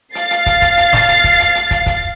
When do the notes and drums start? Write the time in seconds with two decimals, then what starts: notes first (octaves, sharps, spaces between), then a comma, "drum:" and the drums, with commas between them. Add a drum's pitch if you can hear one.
0.15 F5 A6 C7, drum: hi-hat
0.31 drum: hi-hat
0.46 drum: kick, hi-hat
0.62 drum: kick, hi-hat
0.77 drum: hi-hat
0.93 drum: snare
1.09 drum: hi-hat
1.24 drum: kick, hi-hat
1.40 drum: hi-hat
1.55 drum: hi-hat
1.71 drum: kick, hi-hat
1.86 drum: kick, hi-hat